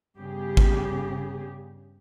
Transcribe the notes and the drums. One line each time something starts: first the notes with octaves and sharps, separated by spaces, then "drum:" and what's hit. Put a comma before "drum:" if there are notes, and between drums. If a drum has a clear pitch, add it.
G2 C#3 B3 G4 G#4
drum: kick